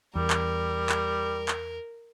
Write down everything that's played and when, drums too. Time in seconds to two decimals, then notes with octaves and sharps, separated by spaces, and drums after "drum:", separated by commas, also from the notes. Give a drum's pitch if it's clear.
0.15 E2 G3 A#4
0.30 drum: clap
0.89 drum: clap
1.48 drum: clap